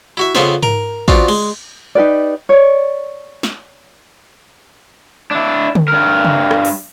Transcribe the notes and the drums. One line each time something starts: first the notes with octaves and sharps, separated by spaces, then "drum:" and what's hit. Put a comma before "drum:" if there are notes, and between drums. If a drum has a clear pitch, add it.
E4 F#4 E5
F2 C#3 B3 C5 E5, drum: snare
A#4, drum: tom G#2
B3 C4 D4 F4 F#4, drum: kick A1
G#3, drum: cymbal
D#4 G4 B4 D5
C#5 D5
drum: snare
D4 E4
drum: tom D3
G2 A#4
drum: tom C#3
drum: rim click
drum: open hi-hat